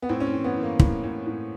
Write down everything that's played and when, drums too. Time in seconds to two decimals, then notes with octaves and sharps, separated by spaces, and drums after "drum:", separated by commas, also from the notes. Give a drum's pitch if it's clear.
0.02 B3
0.09 A2 C4
0.20 C#4
0.27 C4
0.33 E3
0.44 B3
0.56 E3
0.63 A#3
0.79 A2, drum: kick
1.04 A2
1.26 A2